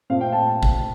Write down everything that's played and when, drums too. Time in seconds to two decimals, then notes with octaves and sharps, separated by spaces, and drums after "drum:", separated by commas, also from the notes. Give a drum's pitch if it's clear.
0.10 A#2 A3 C4 F5
0.21 G5
0.32 A5
0.63 drum: kick G#1